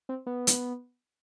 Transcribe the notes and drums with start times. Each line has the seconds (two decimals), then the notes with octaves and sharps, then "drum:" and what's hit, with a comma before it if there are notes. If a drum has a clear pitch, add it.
0.09 C4
0.26 B3
0.47 drum: hi-hat